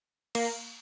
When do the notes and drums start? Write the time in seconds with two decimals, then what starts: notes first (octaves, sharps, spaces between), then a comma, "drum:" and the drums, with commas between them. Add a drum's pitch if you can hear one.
0.35 A#3, drum: cymbal